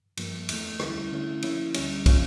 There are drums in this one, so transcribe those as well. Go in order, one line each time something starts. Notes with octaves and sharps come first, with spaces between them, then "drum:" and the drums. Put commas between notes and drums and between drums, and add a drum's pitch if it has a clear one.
G2 F3 A#3, drum: cymbal
E2 E3 A3, drum: cymbal
D2 D3 G3 C#4 E4, drum: rim click
D3 A3 C#4 E4
F3 A#3 C#4 E4, drum: cymbal
D2 D3 G3 C#4, drum: cymbal
F3 C#4 F4, drum: kick, cymbal